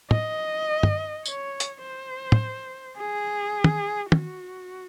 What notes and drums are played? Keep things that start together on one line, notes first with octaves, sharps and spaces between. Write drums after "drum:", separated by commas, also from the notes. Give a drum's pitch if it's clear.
D#5, drum: tom
drum: tom
C#5, drum: tambourine
drum: hi-hat
C5
drum: tom
G#4
drum: tom
F#4, drum: tom